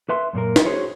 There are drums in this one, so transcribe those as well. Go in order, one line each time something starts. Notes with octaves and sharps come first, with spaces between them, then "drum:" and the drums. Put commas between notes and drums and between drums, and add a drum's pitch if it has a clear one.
B4 E5 C6
F#2 A#2 A#3 A#4
drum: snare
F#4 G#4 C5 C#5